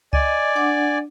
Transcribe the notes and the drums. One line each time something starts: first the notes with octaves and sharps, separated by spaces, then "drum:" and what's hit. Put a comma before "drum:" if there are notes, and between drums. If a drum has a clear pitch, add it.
D5 D#5 G#5, drum: kick C#2
D4 F#5 D6